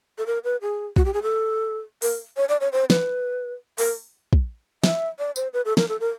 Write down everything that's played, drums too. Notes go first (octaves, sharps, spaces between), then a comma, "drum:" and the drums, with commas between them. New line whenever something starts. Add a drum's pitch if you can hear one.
A4
A#4
B4
G#4
F#4, drum: kick
G4
G#4
A4
A#4, drum: open hi-hat
C#5
D5
C#5
C5
B4, drum: snare
A#4, drum: open hi-hat
drum: kick
E5, drum: snare
D5
C5, drum: tambourine
B4
A4
A#4, drum: snare
A4
A#4